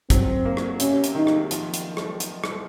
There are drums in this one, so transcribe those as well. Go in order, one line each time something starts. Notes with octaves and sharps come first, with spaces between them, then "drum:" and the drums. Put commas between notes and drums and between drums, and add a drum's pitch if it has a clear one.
F#3 C4, drum: kick, hi-hat
A#3
drum: rim click
C3 C#4, drum: hi-hat
drum: hi-hat
D#3 D#4
drum: rim click
F3, drum: hi-hat
drum: hi-hat
drum: rim click
drum: hi-hat
drum: rim click